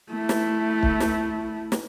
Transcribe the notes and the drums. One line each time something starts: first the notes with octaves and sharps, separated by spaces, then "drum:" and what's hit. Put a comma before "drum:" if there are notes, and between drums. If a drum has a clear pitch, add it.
A3 E4
drum: snare
drum: kick
drum: snare
drum: snare